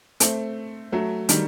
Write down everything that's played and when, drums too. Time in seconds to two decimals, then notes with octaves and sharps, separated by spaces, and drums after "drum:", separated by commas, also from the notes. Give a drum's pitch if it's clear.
0.20 A3 C4, drum: hi-hat
0.92 F#3 A3
1.29 D#3 G3, drum: hi-hat